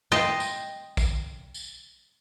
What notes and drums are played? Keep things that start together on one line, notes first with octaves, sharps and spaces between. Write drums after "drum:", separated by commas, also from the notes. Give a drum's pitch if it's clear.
D#5 G5 A5 C6, drum: snare
drum: tambourine
drum: kick, tambourine
drum: tambourine